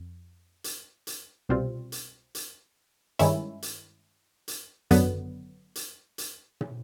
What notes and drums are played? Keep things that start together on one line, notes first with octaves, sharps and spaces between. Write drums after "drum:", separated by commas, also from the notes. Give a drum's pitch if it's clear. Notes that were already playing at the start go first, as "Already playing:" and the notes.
Already playing: F2
drum: hi-hat
drum: hi-hat
C2 B2 G3 C4 F4
drum: hi-hat
drum: hi-hat
G2 D#3 G#3 C#4 E4, drum: hi-hat
drum: hi-hat
drum: hi-hat
G#1 F#2 D3 F#3 B3, drum: hi-hat
drum: hi-hat
drum: hi-hat
drum: tom